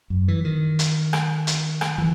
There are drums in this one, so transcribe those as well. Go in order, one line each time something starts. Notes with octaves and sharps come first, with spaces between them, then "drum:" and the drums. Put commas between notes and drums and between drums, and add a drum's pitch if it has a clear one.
F#2
E3
D#3
drum: hi-hat
drum: rim click
drum: hi-hat
drum: rim click
E3